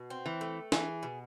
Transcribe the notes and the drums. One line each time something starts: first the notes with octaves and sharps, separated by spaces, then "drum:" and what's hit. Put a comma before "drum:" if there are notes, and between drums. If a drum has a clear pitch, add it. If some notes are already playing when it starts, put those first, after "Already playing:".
Already playing: B2
C4
E3
A3
E3 G#4, drum: snare D4
B2